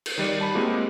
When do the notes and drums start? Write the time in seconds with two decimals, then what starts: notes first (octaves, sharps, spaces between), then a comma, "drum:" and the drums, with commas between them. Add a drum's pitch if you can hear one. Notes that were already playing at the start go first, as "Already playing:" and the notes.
0.06 drum: cymbal
0.18 D#3 G3 D5 C#7
0.41 A5 B5
0.55 G#3 A#3 C4 E4 F#4 G4